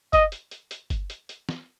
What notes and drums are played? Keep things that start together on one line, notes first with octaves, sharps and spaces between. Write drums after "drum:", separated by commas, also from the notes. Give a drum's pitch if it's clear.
D#5, drum: kick, hi-hat
drum: hi-hat
drum: hi-hat
drum: hi-hat
drum: kick, hi-hat
drum: hi-hat
drum: hi-hat
drum: snare